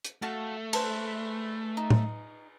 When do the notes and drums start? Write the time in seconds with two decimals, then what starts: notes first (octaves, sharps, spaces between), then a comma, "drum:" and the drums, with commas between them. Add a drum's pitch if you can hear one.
0.05 drum: hi-hat
0.22 A3 F#4 F5 A5
0.73 A4 B4 C5, drum: cymbal
1.77 D#4
1.90 drum: tom A2